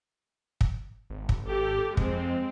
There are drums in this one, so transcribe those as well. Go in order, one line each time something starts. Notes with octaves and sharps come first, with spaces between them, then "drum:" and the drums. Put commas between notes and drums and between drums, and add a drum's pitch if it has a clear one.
drum: kick
G#1
drum: kick
G4 A4
F2 G#3 C4, drum: kick